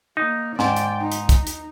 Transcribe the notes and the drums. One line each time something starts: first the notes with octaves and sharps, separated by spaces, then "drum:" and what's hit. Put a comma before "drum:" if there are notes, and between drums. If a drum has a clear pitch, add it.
A#3 D#4
G#2 D5 G5, drum: snare
drum: hi-hat
D#4
drum: hi-hat
drum: kick, hi-hat
drum: hi-hat